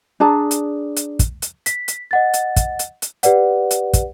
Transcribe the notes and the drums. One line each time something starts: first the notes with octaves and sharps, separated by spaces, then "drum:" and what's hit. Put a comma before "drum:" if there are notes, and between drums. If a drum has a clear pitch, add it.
D4 G#4 A5 A#5
drum: hi-hat
drum: hi-hat
drum: kick, hi-hat
drum: hi-hat
B6, drum: hi-hat
drum: hi-hat
D#5 F#5 A6
drum: hi-hat
drum: kick, hi-hat
drum: hi-hat
drum: hi-hat
G4 B4 D5 F#5, drum: hi-hat
drum: hi-hat
drum: kick, hi-hat